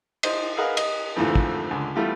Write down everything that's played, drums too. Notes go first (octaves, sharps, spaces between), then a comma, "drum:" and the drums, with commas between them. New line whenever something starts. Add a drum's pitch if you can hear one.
D#4 C5 D#5, drum: cymbal
G#4 A#4 B4 D#5 F5 F#5
D#5, drum: cymbal
F2 G#2 D3 E3 F3 A3
drum: kick
C#2 D3
E3 G3 A3 B3 F4 G4